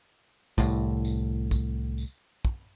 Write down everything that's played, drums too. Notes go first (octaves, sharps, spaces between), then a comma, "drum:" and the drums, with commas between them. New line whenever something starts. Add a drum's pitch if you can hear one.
C2 A2, drum: kick, tambourine
drum: tambourine
drum: kick, tambourine
drum: tambourine
drum: kick